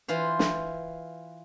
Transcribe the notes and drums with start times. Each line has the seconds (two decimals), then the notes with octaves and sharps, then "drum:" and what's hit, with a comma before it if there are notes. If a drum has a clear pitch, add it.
0.08 E3 F4 C5
0.39 drum: snare